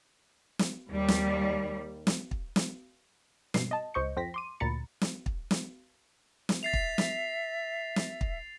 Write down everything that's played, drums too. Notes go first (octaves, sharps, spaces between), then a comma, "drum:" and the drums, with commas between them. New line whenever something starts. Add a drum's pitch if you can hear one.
drum: snare
D#2 G3
drum: snare
drum: snare
drum: kick
drum: snare
G2 B2 C7, drum: snare
D#5 A5
C#2 C5 D#5 C#6 G6 C#7
F2 C5 G5 A#6 B6
C6 D6 D#7
D2 A#2 A#5 B5 A6 C#7
drum: snare
drum: kick
drum: snare
drum: snare
E5 A6 C7 F7
drum: kick
drum: snare
drum: snare
drum: kick